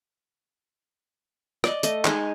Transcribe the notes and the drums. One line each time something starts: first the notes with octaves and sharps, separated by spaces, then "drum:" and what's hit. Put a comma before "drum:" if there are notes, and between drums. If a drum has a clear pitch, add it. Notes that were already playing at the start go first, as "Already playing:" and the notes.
D5 D#5, drum: rim click
A3 D#5, drum: tambourine
G#3 D#4 G#5, drum: clap